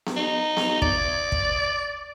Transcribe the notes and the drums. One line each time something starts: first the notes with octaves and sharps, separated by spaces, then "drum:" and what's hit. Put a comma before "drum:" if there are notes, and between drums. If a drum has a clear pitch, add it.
drum: snare B3
D#4
drum: snare B3
D5, drum: kick
drum: kick